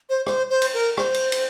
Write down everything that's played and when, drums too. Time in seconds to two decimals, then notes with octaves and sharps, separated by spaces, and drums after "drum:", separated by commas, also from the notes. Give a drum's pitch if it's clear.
0.09 C5
0.26 C5, drum: rim click
0.50 C5
0.62 drum: cymbal
0.74 A#4
0.97 C5, drum: rim click
1.14 drum: cymbal
1.32 drum: cymbal